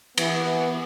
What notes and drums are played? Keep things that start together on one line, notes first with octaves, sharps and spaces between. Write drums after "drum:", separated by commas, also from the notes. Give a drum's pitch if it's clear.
E3 B3, drum: cymbal